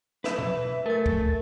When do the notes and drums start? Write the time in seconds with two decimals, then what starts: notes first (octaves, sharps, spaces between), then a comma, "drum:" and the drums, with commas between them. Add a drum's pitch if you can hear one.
0.24 B4 E5, drum: snare
0.38 drum: tom B2
0.86 A3 A#4 A6
1.06 drum: kick